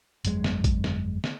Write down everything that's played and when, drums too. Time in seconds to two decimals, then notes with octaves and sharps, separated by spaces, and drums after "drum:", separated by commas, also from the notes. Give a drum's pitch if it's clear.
0.25 G1 F2 F#3 G#3, drum: hi-hat
0.44 drum: snare
0.64 drum: kick, hi-hat
0.84 drum: snare
1.24 drum: snare